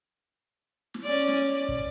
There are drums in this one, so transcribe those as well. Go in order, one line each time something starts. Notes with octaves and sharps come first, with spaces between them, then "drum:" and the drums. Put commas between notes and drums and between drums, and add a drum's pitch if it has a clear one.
drum: snare
C#4 D5
drum: snare
D5
drum: kick